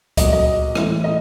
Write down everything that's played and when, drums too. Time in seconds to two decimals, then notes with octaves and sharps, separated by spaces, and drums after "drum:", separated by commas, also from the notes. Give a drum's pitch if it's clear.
0.17 A#2 F#3 D#5, drum: kick C#2, hi-hat
0.32 D#5
0.75 A2 E3, drum: rim click
1.04 D#5